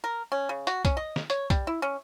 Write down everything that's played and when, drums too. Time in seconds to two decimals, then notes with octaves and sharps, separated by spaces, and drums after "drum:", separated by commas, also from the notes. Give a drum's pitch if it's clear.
0.04 A#4
0.32 C#4
0.49 C#3
0.67 F#4, drum: hi-hat
0.85 C#4, drum: kick, hi-hat
0.97 D#5
1.16 drum: snare
1.30 C#5, drum: hi-hat
1.50 G3, drum: kick, hi-hat
1.67 E4
1.82 C#4